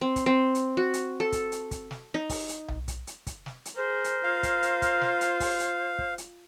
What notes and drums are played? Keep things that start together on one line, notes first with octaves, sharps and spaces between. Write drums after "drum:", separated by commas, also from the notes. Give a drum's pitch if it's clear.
C4
drum: kick, hi-hat
C4
drum: hi-hat
F#4
drum: hi-hat
A4
drum: kick, hi-hat
drum: hi-hat
drum: kick, hi-hat
drum: snare
D#4
drum: kick, open hi-hat
drum: hi-hat
drum: tom B1
drum: kick, hi-hat
drum: hi-hat
drum: kick, hi-hat
drum: snare
drum: hi-hat
G#4 A#4 C5
drum: hi-hat
F4 F5
drum: kick, hi-hat
drum: hi-hat
drum: kick, hi-hat
drum: snare
drum: hi-hat
drum: kick, open hi-hat
drum: hi-hat
drum: kick
drum: hi-hat